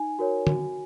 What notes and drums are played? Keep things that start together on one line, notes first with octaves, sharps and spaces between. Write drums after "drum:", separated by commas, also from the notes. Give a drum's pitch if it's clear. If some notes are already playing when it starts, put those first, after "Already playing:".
Already playing: D#4 G#5
F#4 A#4 C#5
F#4, drum: tom